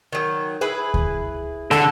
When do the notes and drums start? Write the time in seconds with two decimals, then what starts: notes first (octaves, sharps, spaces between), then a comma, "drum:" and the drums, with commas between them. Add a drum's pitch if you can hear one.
0.13 D#3 F#3
0.61 E4 G#4 B4
0.94 drum: kick D2
1.71 D3 A4, drum: rim click